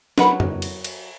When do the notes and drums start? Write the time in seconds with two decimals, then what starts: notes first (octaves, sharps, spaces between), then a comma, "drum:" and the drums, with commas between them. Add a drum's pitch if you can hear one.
0.18 F#3 A#4 B4 F#5 B5, drum: snare
0.40 drum: tom
0.62 drum: cymbal
0.84 drum: cymbal